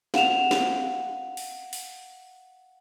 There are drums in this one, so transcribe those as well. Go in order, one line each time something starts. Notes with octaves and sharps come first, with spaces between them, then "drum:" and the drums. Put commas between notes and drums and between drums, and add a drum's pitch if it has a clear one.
F5 F#5 E7 F7, drum: snare
drum: snare
drum: open hi-hat
drum: open hi-hat